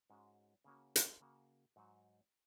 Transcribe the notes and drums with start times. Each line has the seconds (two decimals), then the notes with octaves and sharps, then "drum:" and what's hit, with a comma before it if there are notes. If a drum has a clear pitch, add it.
0.10 G#2 G#3 C#4 F#4
0.64 C#3 A#3 C#4 F#4
0.96 drum: hi-hat
1.20 C#3 A#3 F#4
1.76 G#2 F#3 D#4 F#4